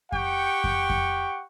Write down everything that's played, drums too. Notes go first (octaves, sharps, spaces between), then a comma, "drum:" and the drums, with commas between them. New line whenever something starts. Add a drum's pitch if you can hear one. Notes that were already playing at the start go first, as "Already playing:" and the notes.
G4 F#5 G5 C#6, drum: kick F2
drum: kick F2
drum: kick F2